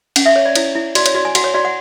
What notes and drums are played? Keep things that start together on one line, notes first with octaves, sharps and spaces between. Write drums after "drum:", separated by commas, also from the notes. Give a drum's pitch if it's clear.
C#4 F#5, drum: cymbal
E5
C#5
D5
E4 C#5, drum: cymbal
E4
F#4 D5, drum: cymbal
C#5, drum: cymbal
F#4 D5
G#5
F#4 F#5, drum: cymbal
C#5
F#4 D5
F#5